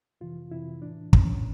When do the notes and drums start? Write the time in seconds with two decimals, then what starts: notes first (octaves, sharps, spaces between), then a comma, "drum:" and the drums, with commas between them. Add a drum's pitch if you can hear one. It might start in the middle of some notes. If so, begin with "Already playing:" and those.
0.21 F2 C3 E3 F4
0.51 F2 C3 E3 E4
0.82 A2 E3 D4
1.13 A2 E3 C#4, drum: kick